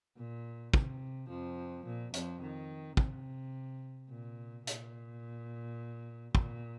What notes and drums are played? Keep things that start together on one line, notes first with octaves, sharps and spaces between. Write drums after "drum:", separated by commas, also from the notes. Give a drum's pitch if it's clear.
A#2
C3, drum: kick
F2 F3
A#2
F2 F3, drum: hi-hat
D#3
C3, drum: kick
A#2
A#2, drum: hi-hat
A#2, drum: kick